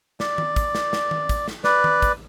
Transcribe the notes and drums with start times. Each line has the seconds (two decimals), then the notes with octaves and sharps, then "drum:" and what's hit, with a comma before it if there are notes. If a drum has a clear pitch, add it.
0.20 D5, drum: snare
0.38 drum: tom D#3
0.56 drum: kick, hi-hat
0.75 drum: snare
0.93 drum: snare
1.11 drum: tom D#3
1.29 drum: kick, hi-hat
1.48 drum: snare
1.64 B4 D5, drum: snare
1.84 drum: tom D#3
2.02 drum: kick, hi-hat